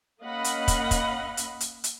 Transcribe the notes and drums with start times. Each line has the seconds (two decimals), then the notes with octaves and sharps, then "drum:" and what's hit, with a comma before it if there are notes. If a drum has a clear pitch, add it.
0.21 A#3 C#4 D#5 F5 F#5 B5
0.44 drum: hi-hat
0.68 drum: kick, hi-hat
0.91 drum: kick, hi-hat
1.37 drum: hi-hat
1.60 drum: hi-hat
1.84 drum: hi-hat